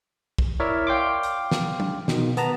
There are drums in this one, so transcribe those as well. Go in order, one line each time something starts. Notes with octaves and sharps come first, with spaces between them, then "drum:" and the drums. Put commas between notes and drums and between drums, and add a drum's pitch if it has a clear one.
drum: kick
E4 A#4 C#5 D5 E5
F5 G5 C6 D6
drum: hi-hat
drum: snare
drum: tom F#3
B2 D#3, drum: snare
B3 A5 A#5, drum: hi-hat